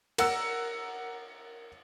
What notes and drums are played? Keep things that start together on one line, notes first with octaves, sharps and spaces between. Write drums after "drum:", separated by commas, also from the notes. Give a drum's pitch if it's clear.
A#4 F#5 E6, drum: cymbal